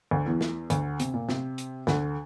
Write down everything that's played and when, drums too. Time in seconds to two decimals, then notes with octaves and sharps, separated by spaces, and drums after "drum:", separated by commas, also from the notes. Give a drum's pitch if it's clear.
0.11 D2 D3
0.26 E2 E3
0.41 drum: snare
0.70 D2 D3, drum: hi-hat
1.00 C3, drum: hi-hat
1.14 A#2
1.29 C3, drum: snare
1.58 drum: hi-hat
1.87 D2 D3, drum: snare